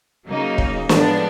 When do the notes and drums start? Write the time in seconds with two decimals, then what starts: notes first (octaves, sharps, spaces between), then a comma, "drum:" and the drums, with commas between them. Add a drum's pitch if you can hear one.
0.27 C#3 F#3 A#3 D#4
0.58 drum: kick
0.89 A2 F3 G#3 B3 D4, drum: snare